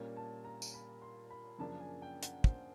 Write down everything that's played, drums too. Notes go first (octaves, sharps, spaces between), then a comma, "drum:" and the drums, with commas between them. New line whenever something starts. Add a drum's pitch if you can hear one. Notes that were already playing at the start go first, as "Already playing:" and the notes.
Already playing: A#2 G3 A#3 C#4
A5
A#5
drum: tambourine
B5
C6
B5
F#2 C#3 F3 A#3 D4 A5
G#5
G5
F#5, drum: hi-hat
C5, drum: kick